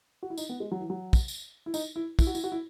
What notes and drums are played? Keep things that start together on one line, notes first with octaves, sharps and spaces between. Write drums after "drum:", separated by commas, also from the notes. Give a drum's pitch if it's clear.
F#4
E4
D#4, drum: tambourine
B3
G#3
F#3
E3
F#3
drum: kick, tambourine
drum: tambourine
E4
D#4, drum: tambourine
E4
E4, drum: kick, tambourine
F#4
E4, drum: tambourine
F#4
E4